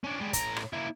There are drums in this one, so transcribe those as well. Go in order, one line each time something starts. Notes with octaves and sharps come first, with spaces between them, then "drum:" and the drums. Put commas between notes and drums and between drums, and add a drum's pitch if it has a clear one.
C#4 D4
G3 G#3
A2 A#5, drum: kick, hi-hat
drum: rim click
A#3 E4